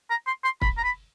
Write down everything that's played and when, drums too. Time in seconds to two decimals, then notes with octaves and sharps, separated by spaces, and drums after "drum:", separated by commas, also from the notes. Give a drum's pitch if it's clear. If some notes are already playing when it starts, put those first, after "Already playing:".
0.10 A#5
0.27 C6
0.44 C6
0.62 B5, drum: kick
0.77 A#5
0.84 B5